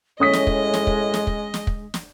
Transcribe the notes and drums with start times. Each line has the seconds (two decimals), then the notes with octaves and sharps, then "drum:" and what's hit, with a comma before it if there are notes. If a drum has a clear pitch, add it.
0.20 A2 G#3 C#4 D#5 D#6 B6
0.33 drum: snare
0.47 drum: kick
0.74 drum: snare
0.87 drum: kick
1.14 drum: snare
1.27 drum: kick
1.54 drum: snare
1.67 drum: kick
1.94 drum: snare